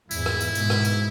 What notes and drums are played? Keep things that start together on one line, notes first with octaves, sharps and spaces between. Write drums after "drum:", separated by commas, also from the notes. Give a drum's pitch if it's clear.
E2 G#2 E4, drum: tambourine
drum: rim click
drum: tambourine
G#2 B2, drum: tambourine
drum: rim click
drum: tambourine